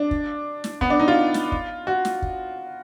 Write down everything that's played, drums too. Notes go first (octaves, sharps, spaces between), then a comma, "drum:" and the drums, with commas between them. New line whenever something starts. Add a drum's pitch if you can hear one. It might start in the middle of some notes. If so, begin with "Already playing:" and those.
Already playing: D4
drum: kick
drum: snare
B3, drum: kick
D4
D#4
F4
drum: snare
drum: kick
F#4
drum: snare
drum: kick